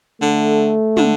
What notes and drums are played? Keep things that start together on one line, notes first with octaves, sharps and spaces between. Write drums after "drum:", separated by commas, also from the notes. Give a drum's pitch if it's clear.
D3 A3
D3, drum: tom